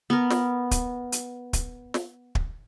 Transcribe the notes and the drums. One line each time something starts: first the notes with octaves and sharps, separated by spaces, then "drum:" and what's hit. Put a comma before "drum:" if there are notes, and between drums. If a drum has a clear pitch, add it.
B3 A#4
drum: snare
drum: kick, hi-hat
drum: hi-hat
drum: kick, hi-hat
drum: snare
drum: kick